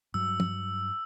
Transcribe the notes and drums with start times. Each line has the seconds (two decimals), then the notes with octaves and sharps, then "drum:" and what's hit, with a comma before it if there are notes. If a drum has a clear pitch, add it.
0.14 G2 F#3 E6
0.40 drum: tom